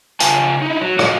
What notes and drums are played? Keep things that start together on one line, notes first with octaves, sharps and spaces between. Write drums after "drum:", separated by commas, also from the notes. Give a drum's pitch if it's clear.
C#3 F4 F5 G#5 A5, drum: hi-hat
D#4 E4
F#3
F4 F#4 A4 A#4 D#5 F5, drum: rim click